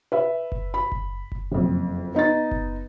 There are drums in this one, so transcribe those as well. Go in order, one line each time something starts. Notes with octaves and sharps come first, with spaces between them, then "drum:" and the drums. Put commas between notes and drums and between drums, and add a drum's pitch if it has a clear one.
B4 E5
drum: kick F#1
B5
drum: kick F#1
drum: kick F#1
F#1 F2
B3 D#4 D#5 A6
drum: kick F#1